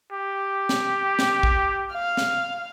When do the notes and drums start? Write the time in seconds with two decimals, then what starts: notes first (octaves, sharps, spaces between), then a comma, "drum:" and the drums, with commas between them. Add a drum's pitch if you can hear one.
0.12 G4
0.69 drum: snare
1.19 drum: snare
1.43 drum: kick
1.93 F5
2.17 drum: snare